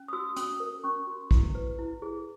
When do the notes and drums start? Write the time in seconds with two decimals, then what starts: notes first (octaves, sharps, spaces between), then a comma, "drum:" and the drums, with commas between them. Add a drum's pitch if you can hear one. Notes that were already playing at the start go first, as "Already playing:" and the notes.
Already playing: C#4
0.08 D#6
0.13 F#4 E6
0.36 C#4 D#6, drum: hi-hat
0.60 A#4
0.84 C#4 C#6
1.07 F#4
1.31 E4, drum: kick A#1
1.55 B4
1.79 E4
2.02 G#4